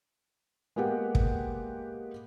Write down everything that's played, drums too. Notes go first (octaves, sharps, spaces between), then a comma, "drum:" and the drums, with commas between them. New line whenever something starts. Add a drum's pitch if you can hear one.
G#3 A#3 B3 G4 F#5
drum: kick